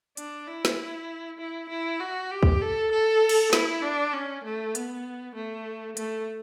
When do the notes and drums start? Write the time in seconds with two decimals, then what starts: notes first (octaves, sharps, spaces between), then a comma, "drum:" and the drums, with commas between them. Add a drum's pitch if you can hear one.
0.17 D4, drum: hi-hat
0.48 E4
0.65 drum: snare
1.39 E4
1.70 E4
2.00 F#4
2.31 G4
2.43 drum: kick
2.61 A4
2.92 A4
3.29 drum: cymbal
3.53 E4, drum: snare
3.82 D4
4.13 C#4
4.44 A3
4.75 B3, drum: hi-hat
5.35 A3
5.97 A3, drum: hi-hat